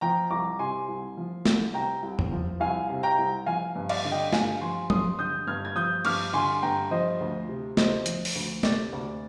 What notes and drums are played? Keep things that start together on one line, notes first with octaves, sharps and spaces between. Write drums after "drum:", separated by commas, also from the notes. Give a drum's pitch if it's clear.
F3 G5 A#5
C2 A#5 D6
C3 G#5 C6
C2
F3
C2, drum: snare
C3 G5 A#5
C2
drum: tom E2
F3
C2 F5 G#5
C3
G5 A#5
C2
F3 F5 G#5
G2
D5 F5, drum: cymbal
D3
D#5 G5
G2 F5 G#5, drum: snare
F3 G#5 C6
G2 C6 D#6, drum: tom F3
D3 D#6 G6
G2 F6 G#6
G#6
F3 D#6 G6
G2 D6 F6, drum: cymbal
D3 G#5 C6
G2 G5 A#5
F3 C5 D#5
D2
C3
D2 C5 D#5, drum: snare
F3, drum: hi-hat
drum: open hi-hat
D2
C3 D5, drum: snare
D2